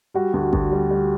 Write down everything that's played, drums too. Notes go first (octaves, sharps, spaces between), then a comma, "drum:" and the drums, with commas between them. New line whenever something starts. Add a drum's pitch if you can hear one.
G3 F#4
D2
D2, drum: kick G#1
G3
G3